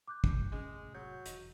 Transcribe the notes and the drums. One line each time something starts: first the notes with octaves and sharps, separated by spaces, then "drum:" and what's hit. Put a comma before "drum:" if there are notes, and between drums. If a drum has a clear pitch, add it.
D6 F#6 G6
drum: kick
F1 A2 G#3 C#4
F#3 G6
E1 D#5, drum: hi-hat